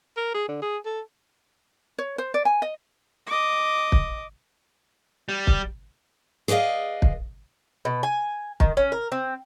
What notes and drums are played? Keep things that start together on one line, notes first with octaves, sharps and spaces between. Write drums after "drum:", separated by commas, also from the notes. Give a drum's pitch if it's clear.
A#4
G#4
D3
G#4
A4
C#5
C5
D5
G#5
D#5
D#5 D6
drum: kick
G3
drum: kick
G#4 B4 D5 D#5 F5
drum: kick
B2
G#5
D#3, drum: kick
C#4
A#4
C4